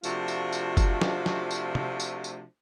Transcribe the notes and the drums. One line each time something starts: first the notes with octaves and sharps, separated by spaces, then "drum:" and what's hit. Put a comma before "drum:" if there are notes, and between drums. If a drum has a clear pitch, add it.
C3 F3 A3 D4 F4 F#4, drum: tambourine
drum: tambourine
drum: tambourine
drum: kick F#1, tambourine
drum: snare
drum: snare
drum: tambourine
drum: tom
drum: tambourine
drum: tambourine